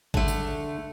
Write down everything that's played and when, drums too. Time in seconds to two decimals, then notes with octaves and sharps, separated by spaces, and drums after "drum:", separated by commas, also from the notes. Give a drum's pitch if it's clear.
0.14 D3 A3, drum: kick G#1
0.28 drum: tambourine